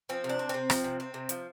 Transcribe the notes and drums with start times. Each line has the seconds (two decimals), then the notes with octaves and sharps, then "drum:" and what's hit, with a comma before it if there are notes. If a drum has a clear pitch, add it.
0.09 F3 C4
0.24 C3
0.29 D4
0.39 C4
0.49 C3 C4
0.70 F3, drum: rim click
0.84 C3
1.00 C4
1.14 C3
1.29 F3, drum: hi-hat